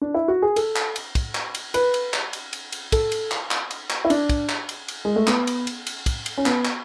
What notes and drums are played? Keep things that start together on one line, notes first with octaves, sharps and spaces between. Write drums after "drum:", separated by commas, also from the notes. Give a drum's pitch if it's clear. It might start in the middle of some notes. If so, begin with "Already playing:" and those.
D4
E4
F#4
G#4
A4, drum: cymbal
drum: clap
drum: cymbal
drum: kick, cymbal
drum: clap
drum: cymbal
B4, drum: cymbal
drum: cymbal
drum: clap
drum: cymbal
drum: cymbal
drum: cymbal
A4, drum: kick, cymbal
drum: cymbal
drum: clap
drum: clap
drum: cymbal
drum: clap
E4
D4, drum: cymbal
drum: kick, cymbal
drum: clap
drum: cymbal
drum: cymbal
G#3
A3
B3, drum: clap
drum: cymbal
drum: cymbal
drum: cymbal
drum: kick, cymbal
drum: cymbal
C#4
B3, drum: clap
drum: clap